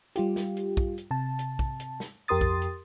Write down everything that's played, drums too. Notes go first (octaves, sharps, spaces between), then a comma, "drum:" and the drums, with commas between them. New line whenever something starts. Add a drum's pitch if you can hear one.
G3 F4 G4, drum: hi-hat
drum: snare
drum: hi-hat
drum: kick
drum: hi-hat
C3 A5
drum: hi-hat
drum: kick
drum: hi-hat
drum: snare
F2 G4 A#4 C6 D#6 A6
drum: kick
drum: hi-hat